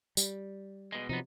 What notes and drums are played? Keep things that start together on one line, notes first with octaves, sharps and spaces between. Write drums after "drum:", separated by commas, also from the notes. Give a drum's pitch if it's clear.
G3, drum: tambourine
B2 G#3
C3 F3 F#3 B3 D#4